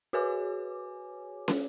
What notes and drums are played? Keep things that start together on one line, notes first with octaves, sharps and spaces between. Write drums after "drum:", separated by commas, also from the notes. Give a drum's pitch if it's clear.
F#4 G#4 B4 C#5 G#5 D6
drum: snare